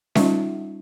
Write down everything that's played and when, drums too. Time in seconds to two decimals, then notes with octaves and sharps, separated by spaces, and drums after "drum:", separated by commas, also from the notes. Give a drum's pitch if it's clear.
0.15 G3 C#4 D#4 F4 E5, drum: snare C#4